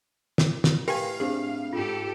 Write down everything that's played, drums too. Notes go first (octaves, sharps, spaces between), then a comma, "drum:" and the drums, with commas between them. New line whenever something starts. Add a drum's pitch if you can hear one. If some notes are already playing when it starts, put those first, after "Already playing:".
drum: snare
drum: snare
A2 G4 A#4 B4 F5 G5 G#5 C6, drum: open hi-hat
C4 D4 G4 G#4
G#2 F4 G4 A4